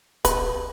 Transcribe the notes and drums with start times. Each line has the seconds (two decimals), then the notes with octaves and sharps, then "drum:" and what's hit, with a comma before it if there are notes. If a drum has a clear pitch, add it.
0.25 B4, drum: kick, hi-hat